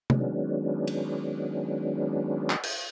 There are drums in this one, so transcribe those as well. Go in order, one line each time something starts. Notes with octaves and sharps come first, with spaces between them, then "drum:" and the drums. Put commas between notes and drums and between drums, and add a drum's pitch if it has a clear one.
D#3 F#3 G#3 B3 C#4 D4, drum: tom C3
drum: cymbal
drum: clap
drum: cymbal